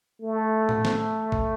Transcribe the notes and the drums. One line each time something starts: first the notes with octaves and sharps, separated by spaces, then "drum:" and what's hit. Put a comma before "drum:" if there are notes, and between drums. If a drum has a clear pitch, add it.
A3
drum: tom A2
drum: snare
drum: kick